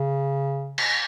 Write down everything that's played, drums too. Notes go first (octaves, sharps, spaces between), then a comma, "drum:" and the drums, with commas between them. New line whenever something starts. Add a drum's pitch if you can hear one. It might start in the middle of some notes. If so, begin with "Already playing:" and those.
Already playing: C#3
drum: cymbal